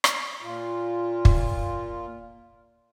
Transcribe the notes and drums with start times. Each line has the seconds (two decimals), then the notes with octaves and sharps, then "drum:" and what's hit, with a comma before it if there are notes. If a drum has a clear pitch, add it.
0.04 drum: rim click
0.42 A#2 F4
1.25 drum: kick